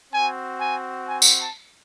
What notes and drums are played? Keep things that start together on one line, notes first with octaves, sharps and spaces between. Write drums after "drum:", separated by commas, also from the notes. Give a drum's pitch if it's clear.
C4 F#4 G#5
G#5
G#5
drum: tambourine
A5